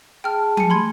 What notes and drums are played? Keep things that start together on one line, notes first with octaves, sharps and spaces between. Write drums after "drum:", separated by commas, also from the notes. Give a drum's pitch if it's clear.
G#4 G5 A5 F6
G#5 C#7, drum: tom F3
A3 G4 B5 C6 G#6